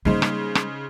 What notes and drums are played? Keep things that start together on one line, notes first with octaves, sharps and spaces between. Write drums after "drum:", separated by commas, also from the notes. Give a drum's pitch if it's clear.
C#3 G3 A#3 D#4 C5
drum: rim click
drum: rim click